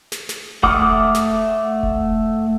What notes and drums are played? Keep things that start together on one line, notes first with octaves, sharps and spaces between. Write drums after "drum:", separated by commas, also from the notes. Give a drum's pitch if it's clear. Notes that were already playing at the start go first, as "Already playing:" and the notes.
drum: snare
drum: snare
A3 F#5 D6 D#6 F6, drum: kick E1
drum: snare
drum: kick E1